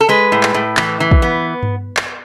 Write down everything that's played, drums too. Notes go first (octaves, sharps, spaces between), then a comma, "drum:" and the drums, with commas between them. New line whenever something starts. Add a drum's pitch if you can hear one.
A4
G#3 B4
A2
drum: clap
A2
E3, drum: clap
E3
drum: kick
B3
drum: tom G2
drum: clap